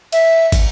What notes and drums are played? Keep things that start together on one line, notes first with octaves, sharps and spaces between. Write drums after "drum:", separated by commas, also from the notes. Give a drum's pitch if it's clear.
E5, drum: cymbal
drum: kick, cymbal